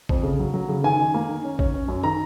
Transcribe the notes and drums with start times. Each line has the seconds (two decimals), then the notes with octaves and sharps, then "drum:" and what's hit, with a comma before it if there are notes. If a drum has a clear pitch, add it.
0.09 F2, drum: kick
0.23 C#3
0.39 F#3
0.54 F#3
0.68 C#3
0.84 D#3 G#5
0.99 D#3
1.14 A#3
1.29 D#3
1.44 C#4
1.59 C#4, drum: kick
1.74 C#4
1.88 F#2
2.03 D#3 A#5